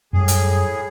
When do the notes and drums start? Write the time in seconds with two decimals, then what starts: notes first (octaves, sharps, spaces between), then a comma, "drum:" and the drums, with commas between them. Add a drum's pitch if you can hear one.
0.13 F#2 A2 G3 G#4
0.28 drum: hi-hat